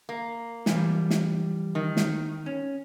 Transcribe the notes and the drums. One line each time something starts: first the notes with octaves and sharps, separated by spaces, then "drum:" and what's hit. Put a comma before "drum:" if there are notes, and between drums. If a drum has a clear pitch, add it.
A#3
E3 F3 G3, drum: snare
drum: snare
D#3
drum: snare
C#4